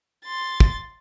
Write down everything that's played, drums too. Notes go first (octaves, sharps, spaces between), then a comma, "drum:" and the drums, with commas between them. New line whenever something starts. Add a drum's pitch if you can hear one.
C6 A6
drum: kick